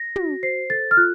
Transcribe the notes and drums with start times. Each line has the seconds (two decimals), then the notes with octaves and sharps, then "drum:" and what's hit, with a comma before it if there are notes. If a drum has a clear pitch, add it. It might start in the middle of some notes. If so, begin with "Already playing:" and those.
Already playing: A#6
0.16 F#4, drum: tom
0.43 C5 C7
0.70 A4 A6
0.91 F6
0.97 F4 F#6